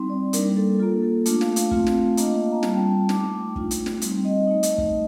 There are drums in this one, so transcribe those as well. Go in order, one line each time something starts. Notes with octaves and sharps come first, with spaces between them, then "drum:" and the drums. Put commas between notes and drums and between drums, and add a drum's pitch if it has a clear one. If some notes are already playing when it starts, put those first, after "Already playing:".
Already playing: G3 C4 D#4 C6
D5
G3 A#3 D4 A#4, drum: hi-hat
A4
A#3 F4 A4
A4
A3 D4 F4, drum: hi-hat
F5, drum: snare
F5, drum: hi-hat
A3 C4 F4, drum: kick
drum: snare
A#3 D4 F4 D#5, drum: hi-hat
F5
A5
A#5
G3 C4 F4 A5, drum: snare
G5
A5
A5
A3 D#4 D6, drum: snare
G5
A3 D4 F4, drum: kick
drum: hi-hat
drum: snare
G3 C4 D#4, drum: hi-hat
D#5
A3 D#4
drum: hi-hat
drum: kick